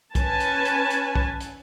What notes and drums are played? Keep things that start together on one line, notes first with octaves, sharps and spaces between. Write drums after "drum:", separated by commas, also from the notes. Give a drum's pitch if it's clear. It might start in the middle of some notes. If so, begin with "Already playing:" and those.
C#4 B4 G#5 A5, drum: kick, hi-hat
drum: hi-hat
drum: hi-hat
drum: hi-hat
drum: kick
drum: hi-hat